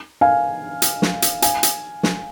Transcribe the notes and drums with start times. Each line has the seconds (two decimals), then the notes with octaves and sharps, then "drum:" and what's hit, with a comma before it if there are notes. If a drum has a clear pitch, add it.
0.21 F5 G#5
0.82 drum: hi-hat
1.02 drum: snare
1.22 drum: hi-hat
1.42 F5 G#5, drum: hi-hat
1.63 drum: hi-hat
2.03 drum: snare